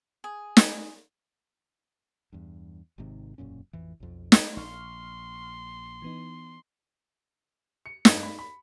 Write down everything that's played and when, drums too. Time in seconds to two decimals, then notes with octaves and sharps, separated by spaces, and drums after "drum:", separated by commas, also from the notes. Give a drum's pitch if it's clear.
0.24 G#4
0.57 drum: snare
2.33 E2 G2
2.98 G#1 G#2 C3 D#3
3.38 E1 F#2 A#2 C#4
3.73 A1 F2 E3
4.00 B1 F2
4.32 drum: snare
4.57 A#1 C6 C#6 F6
6.02 E3 B3 D#4
7.86 C#7
8.05 G2, drum: snare
8.23 B5
8.39 B5